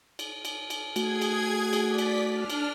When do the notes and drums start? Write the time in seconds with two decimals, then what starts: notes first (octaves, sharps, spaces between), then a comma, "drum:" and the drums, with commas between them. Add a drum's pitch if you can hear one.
0.19 drum: cymbal
0.45 drum: cymbal
0.70 drum: cymbal
0.96 A3 F#4 G#4 G#6, drum: cymbal
1.21 drum: cymbal
1.73 drum: cymbal
1.85 D5 B6
1.98 drum: cymbal
2.30 D4 F6
2.50 drum: cymbal